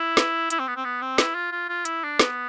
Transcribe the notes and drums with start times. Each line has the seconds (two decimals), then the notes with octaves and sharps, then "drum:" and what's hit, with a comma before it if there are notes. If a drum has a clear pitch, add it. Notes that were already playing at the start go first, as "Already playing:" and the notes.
Already playing: E4
0.17 drum: snare
0.50 E4, drum: hi-hat
0.59 C4
0.67 B3
0.76 C4
0.84 B3
1.02 C4
1.18 E4, drum: snare
1.34 F4
1.51 F4
1.69 F4
1.85 E4, drum: hi-hat
2.03 D4
2.19 B3, drum: snare